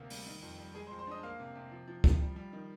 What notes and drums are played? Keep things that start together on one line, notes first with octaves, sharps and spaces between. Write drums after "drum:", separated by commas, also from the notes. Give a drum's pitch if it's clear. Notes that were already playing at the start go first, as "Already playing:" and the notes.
Already playing: D2 C3 A#3 F5
G3, drum: open hi-hat
D#3
F2
G3
G#3 G#4 G#5
C5 C6
F2
C5 C6
D4 D#5 D#6
A#3 F5 F6
C3
C3
F3
F3
F3, drum: kick
G3
G3
D#3